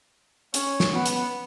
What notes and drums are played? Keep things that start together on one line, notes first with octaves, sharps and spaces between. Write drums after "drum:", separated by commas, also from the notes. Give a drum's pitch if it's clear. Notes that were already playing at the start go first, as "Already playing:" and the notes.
C#4, drum: hi-hat
drum: snare
B3
drum: hi-hat